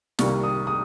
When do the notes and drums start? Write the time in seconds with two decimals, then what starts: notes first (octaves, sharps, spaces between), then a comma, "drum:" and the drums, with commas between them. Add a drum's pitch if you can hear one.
0.19 C2 C3 D#3 G3 A#3 C#6, drum: snare
0.43 D#6
0.67 D#6